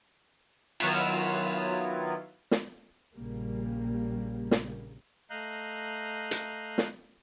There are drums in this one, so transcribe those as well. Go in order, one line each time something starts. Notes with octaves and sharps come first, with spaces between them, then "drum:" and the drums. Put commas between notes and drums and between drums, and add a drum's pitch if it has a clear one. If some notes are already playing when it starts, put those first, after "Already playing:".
D#3 F#3 B3 E4 F4, drum: cymbal
drum: snare
A#1 C#3 G3 A#3
drum: snare
A3 D#5 F5 A#5 F#6 G6
drum: hi-hat
drum: snare